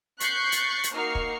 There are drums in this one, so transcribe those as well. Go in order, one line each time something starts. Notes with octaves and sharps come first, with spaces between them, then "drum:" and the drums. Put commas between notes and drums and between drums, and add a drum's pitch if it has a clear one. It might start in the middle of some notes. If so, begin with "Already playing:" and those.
C#6 F#6 G6 A6 B6 C7, drum: hi-hat
drum: hi-hat
drum: hi-hat
A#3 D#4 F#4 C#6 F6 C7
drum: kick